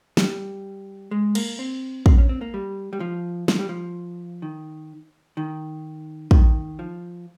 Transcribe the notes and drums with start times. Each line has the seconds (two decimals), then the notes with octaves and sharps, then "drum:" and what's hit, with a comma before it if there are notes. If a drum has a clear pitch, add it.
0.17 G3, drum: snare
1.11 G#3
1.35 A#3, drum: cymbal
1.59 C4
2.06 C4, drum: kick
2.18 C#4
2.29 C4
2.41 A#3
2.54 G3
2.93 G3
3.00 F3
3.48 F3, drum: snare
3.59 G3
3.69 F3
4.42 D#3
5.37 D#3
6.31 D#3, drum: kick
6.79 F3